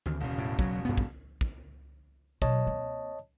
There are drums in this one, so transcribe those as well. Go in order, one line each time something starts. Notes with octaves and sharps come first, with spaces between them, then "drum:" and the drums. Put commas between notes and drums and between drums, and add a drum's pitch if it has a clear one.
D2, drum: tom D#3
E1 C#3
A2
F#3, drum: kick
G2 B3, drum: tambourine
drum: kick
drum: kick
B2 F#3 C#5 D#5 A5, drum: kick
A#3 C4